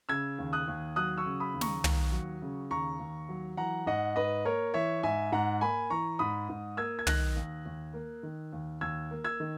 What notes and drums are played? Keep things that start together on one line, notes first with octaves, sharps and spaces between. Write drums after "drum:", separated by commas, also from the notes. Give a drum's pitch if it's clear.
C#3 E6 G#6
D#2
D#6 F#6
D#2
F#3 D#6 F#6
C#6 E6
C#3
B5 D#6
D#2
A#5 C#6, drum: snare
D#2, drum: tom
F#3
C#3
D#2 A#5 C#6
D#2
F#3
E3 F#5 A#5
G#2 D#5 F#5
G#2 B4 D#5
A#3 A#4 C#5
E3 C#5 E5
G#2 E5 G#5
G#2 F#5 A#5
A#3 G#5 B5
E3 A#5 C#6
G#2 B5 D#6
G#2
A#3 E6 G#6
G#6
D#3 F#6 A#6, drum: tom
D#2
D#2
A#3
D#3
D#2
D#2 E6 G#6
A#3
E6 G#6
D#3